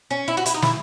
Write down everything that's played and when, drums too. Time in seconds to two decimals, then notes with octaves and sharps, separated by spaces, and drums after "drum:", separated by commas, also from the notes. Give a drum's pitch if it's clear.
0.11 C#4
0.28 E4
0.37 F#4
0.46 E4, drum: hi-hat
0.54 D#4
0.62 E4, drum: snare